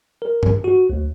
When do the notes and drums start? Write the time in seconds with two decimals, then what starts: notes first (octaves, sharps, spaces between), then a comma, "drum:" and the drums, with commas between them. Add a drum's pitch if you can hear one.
0.22 A#4
0.43 drum: tom G2
0.64 F#4
0.90 D2